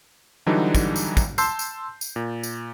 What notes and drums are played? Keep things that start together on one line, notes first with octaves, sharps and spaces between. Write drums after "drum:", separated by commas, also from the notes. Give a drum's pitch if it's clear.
D3 E3 F#3 G3 D4 D#4
drum: kick, tambourine
drum: tambourine
drum: kick, tambourine
A5 C6 E6 G6 C7, drum: tambourine
drum: tambourine
drum: tambourine
A#2
drum: tambourine